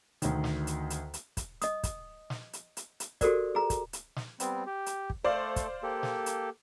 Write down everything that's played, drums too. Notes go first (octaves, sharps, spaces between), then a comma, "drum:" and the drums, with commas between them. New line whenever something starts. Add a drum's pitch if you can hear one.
D2 D#3, drum: hi-hat
drum: snare
drum: hi-hat
drum: hi-hat
drum: hi-hat
drum: kick, hi-hat
D#5 D#6, drum: hi-hat
drum: kick, hi-hat
drum: snare
drum: hi-hat
drum: hi-hat
drum: hi-hat
F#4 G4 A4 A#4 C5 D5, drum: kick, hi-hat
G#4 A#5
drum: kick, hi-hat
drum: hi-hat
drum: snare
G3 B3 C4, drum: hi-hat
G4
drum: hi-hat
drum: kick
A3 A4 C5 D5 F5
drum: kick, hi-hat
A#3 G4 A4
drum: snare
drum: hi-hat